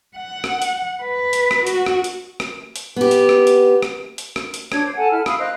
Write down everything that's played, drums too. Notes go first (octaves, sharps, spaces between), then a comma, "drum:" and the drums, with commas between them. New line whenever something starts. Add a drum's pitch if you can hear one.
F#5
drum: rim click
drum: hi-hat
B4
drum: hi-hat
drum: rim click
F#4, drum: hi-hat
drum: rim click
drum: hi-hat
drum: rim click
drum: hi-hat
B3 G4
drum: hi-hat
drum: rim click
drum: hi-hat
drum: rim click
drum: hi-hat
drum: rim click
drum: hi-hat
D4 C#5 G#6, drum: rim click
C5
A4 F#5 G#5 A5
E4 A4 F6
F5 B5 D#6 E6, drum: rim click
C5 D#5 F5 F#6